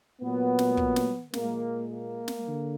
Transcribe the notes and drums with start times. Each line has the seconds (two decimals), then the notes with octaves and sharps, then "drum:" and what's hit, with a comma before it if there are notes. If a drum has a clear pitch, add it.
0.21 A#2 F#3 B3
0.59 drum: snare
0.77 drum: kick
0.96 drum: snare
1.33 A#2 G#3 A#3, drum: snare
1.90 A#3
2.28 drum: snare
2.46 D3